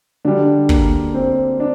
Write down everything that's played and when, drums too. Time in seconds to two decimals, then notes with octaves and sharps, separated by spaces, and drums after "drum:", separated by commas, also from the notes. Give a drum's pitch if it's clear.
0.25 D3 G3 D4
0.69 A#3, drum: kick
1.14 C4
1.60 D4